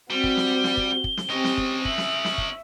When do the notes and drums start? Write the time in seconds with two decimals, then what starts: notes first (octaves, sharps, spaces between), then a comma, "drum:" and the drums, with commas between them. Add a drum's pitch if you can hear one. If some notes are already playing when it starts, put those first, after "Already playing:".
0.10 G3 C4 F#4 G7
0.24 drum: kick
0.37 drum: snare
0.64 drum: snare
0.77 drum: kick
1.04 drum: kick
1.17 drum: snare
1.30 C4 C#4 G4 D#5
1.44 drum: snare
1.58 drum: kick
1.85 E5 F#7, drum: kick
1.98 drum: snare
2.25 drum: snare
2.38 drum: kick